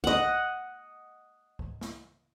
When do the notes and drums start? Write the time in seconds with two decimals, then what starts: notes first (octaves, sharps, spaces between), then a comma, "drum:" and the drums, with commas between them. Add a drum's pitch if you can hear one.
0.04 D#5 F#5, drum: kick C2
1.59 drum: kick C2
1.81 drum: snare